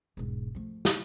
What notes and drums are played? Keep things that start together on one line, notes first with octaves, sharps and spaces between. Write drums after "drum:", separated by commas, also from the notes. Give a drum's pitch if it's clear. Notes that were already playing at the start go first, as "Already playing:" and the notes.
E1 G#2
F3 A3
drum: snare